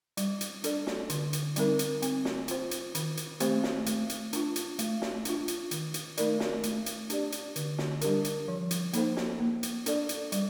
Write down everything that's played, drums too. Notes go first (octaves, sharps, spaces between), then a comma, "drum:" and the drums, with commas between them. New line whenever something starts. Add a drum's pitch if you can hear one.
G3, drum: hi-hat
drum: hi-hat
D4 A4 D5, drum: hi-hat
drum: snare
D3, drum: hi-hat
drum: hi-hat
G3 C4 D#4 A#4, drum: hi-hat
drum: hi-hat
C4, drum: hi-hat
drum: snare
F4 C5, drum: hi-hat
drum: hi-hat
D#3, drum: hi-hat
drum: hi-hat
A3 C4 G4 C5, drum: hi-hat
drum: snare
A3, drum: hi-hat
drum: hi-hat
D4 F4, drum: hi-hat
drum: hi-hat
A3, drum: hi-hat
drum: snare
D4 F4, drum: hi-hat
drum: hi-hat
D#3, drum: hi-hat
drum: hi-hat
A3 D#4 A#4 D5, drum: hi-hat
drum: snare
A3, drum: hi-hat
drum: hi-hat
D4 G4 D5, drum: hi-hat
drum: hi-hat
D3, drum: hi-hat
drum: snare
G3 D4 G4 A#4, drum: hi-hat
drum: hi-hat
F3
drum: hi-hat
A#3 D#4 A4 C5, drum: hi-hat
drum: snare
A#3
drum: hi-hat
D4 A4 D5, drum: hi-hat
drum: hi-hat
G3, drum: hi-hat